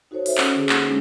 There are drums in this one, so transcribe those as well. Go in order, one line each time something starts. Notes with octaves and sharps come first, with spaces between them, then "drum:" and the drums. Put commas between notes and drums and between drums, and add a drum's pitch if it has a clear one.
D#4 F#4 A4 C5 C#5
F#4 A4 C5 E5, drum: open hi-hat
C#4 F#5, drum: clap
D3 G#4
A#3 D#4 F#5 E6, drum: clap
G#3 C#4 D4